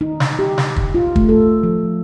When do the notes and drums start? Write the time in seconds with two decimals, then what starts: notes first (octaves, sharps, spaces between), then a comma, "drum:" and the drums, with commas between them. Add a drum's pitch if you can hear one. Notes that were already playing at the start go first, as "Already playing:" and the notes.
0.01 D#4
0.20 drum: snare
0.39 G4
0.58 drum: snare
0.76 drum: kick
0.95 F4
1.16 A3, drum: kick
1.29 A4
1.63 F3